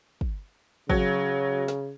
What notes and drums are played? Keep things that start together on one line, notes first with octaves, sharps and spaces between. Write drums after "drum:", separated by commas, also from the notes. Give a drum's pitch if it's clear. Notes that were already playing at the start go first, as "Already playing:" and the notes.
drum: kick
C#3 F#3, drum: kick
drum: snare